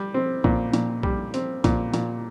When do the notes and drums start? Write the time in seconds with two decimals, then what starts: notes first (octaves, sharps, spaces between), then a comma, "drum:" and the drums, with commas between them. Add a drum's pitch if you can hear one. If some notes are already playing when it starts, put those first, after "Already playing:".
Already playing: G3
0.14 C4
0.44 A#2, drum: kick
0.73 A#2, drum: hi-hat
1.03 G3, drum: kick
1.34 C4, drum: hi-hat
1.64 A#2, drum: kick, hi-hat
1.94 A#2, drum: hi-hat